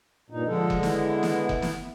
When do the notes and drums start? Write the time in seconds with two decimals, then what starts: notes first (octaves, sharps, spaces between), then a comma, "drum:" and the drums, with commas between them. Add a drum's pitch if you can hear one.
0.30 G2 A#2 D#4
0.47 D3 F3 G#3 A4
0.70 drum: kick F1
0.83 B3 E4, drum: snare
1.23 drum: snare
1.49 drum: kick F1
1.62 drum: snare